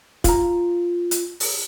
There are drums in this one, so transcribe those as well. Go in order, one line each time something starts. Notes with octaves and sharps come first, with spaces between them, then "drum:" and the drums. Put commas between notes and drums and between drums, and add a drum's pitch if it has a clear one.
F4 A#5, drum: kick, hi-hat
drum: hi-hat
drum: open hi-hat